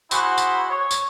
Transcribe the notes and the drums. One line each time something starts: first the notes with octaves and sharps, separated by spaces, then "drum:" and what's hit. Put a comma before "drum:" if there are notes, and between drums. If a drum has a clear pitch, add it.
E4 F#4 G#4 C5 F#5 B5, drum: tambourine
drum: tambourine
C#5
drum: tambourine